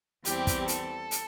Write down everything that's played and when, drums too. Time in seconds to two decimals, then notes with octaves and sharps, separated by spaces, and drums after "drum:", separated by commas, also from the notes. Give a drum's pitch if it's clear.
0.25 E2 E3 G3 C4 G4, drum: hi-hat
0.47 drum: kick, hi-hat
0.68 A4, drum: hi-hat
1.11 drum: hi-hat